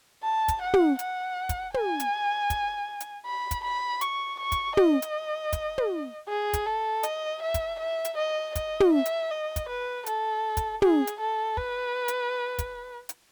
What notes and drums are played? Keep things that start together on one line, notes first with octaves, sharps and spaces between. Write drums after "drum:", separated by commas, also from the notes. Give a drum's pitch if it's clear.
A5
drum: kick, hi-hat
F#5
drum: tom
F#5, drum: hi-hat
drum: kick, hi-hat
G#5, drum: tom
drum: hi-hat
drum: kick, hi-hat
drum: hi-hat
B5
drum: kick, hi-hat
B5
C#6, drum: hi-hat
C#6
drum: kick, hi-hat
D#5, drum: tom
drum: hi-hat
drum: kick, hi-hat
drum: tom
G#4
drum: kick, hi-hat
A4
D#5, drum: hi-hat
E5
drum: kick, hi-hat
E5
drum: hi-hat
D#5
D#5, drum: kick, hi-hat
drum: tom
E5
drum: hi-hat
D#5
drum: kick, hi-hat
B4
A4, drum: hi-hat
drum: kick, hi-hat
G#4, drum: tom
drum: hi-hat
A4
B4, drum: kick
drum: hi-hat
drum: kick, hi-hat
drum: hi-hat